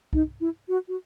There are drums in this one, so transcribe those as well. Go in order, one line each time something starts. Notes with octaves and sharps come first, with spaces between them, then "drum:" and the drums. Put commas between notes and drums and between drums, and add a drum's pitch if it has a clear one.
D#4, drum: kick C2
E4
F#4
F#4